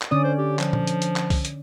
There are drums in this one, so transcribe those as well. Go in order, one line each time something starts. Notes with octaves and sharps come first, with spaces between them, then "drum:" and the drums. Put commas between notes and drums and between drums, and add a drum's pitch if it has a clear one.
drum: clap
D3 C#4 D5 D#6
C5
G4
F3, drum: clap
drum: tom A#2
drum: hi-hat
drum: hi-hat
drum: clap
drum: kick C2, open hi-hat
drum: hi-hat